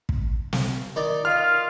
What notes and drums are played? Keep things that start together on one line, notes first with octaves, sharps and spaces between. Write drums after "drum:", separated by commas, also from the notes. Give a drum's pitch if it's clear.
drum: kick
drum: snare
D#3 D#4 D5
F4 D#5 F5 F6